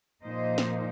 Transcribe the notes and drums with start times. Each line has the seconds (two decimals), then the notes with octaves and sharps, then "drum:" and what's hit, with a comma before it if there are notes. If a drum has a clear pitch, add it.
0.24 A#2 F3 A#3 D#4 C5 D#5
0.58 drum: snare